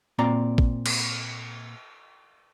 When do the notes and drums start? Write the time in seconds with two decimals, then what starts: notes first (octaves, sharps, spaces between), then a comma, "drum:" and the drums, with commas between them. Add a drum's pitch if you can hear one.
0.19 A#2 C4 D5 A#5
0.58 drum: kick A1
0.86 drum: cymbal